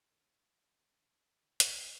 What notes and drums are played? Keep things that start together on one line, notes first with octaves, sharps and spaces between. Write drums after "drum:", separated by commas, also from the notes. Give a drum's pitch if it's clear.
D#3
E3
F3
D3
D3
D3
drum: hi-hat
D#3
D3